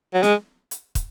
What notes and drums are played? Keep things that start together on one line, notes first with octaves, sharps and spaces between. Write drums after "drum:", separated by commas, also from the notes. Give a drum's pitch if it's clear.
F#3
G#3, drum: snare
drum: hi-hat
drum: kick, hi-hat